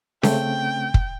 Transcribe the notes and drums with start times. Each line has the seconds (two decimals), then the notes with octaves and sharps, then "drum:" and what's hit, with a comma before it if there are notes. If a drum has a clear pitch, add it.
0.23 C#3 A3 C4 G5, drum: snare C#4
0.94 drum: kick